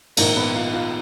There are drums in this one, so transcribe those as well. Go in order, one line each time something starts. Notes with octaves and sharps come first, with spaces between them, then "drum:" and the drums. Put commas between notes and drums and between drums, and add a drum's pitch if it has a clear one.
A#1 G#2 D#3 A#3 A#4, drum: cymbal
B3 B4
F4 F5
F4 F5